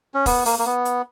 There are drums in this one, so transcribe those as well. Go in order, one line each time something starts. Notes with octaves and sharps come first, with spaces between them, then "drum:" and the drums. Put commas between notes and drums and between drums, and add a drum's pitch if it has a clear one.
C#4
B3, drum: kick, open hi-hat
A#3, drum: open hi-hat
A#3
B3
drum: hi-hat